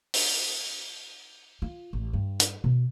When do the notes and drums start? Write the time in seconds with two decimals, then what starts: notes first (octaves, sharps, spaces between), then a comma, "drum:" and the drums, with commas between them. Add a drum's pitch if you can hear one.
0.14 drum: open hi-hat
1.62 F4
1.93 A1
2.13 G2
2.40 drum: hi-hat
2.64 B2